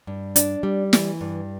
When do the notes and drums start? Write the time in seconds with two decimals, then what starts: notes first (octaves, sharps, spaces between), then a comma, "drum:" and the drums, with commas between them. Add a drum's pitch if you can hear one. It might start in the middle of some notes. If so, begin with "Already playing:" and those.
0.07 G2
0.36 D4, drum: hi-hat
0.63 G3
0.93 E3, drum: snare
1.21 G2